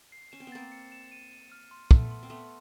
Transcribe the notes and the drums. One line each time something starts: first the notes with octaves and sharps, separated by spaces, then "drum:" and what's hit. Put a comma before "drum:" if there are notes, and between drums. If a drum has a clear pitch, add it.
C7
C#4 E7
C4
B3
A#3 C4 A6
C#7
E7
D#7
D#7
F6
C6
A3 B3 E6, drum: kick
C6
C4
A3 B3 C6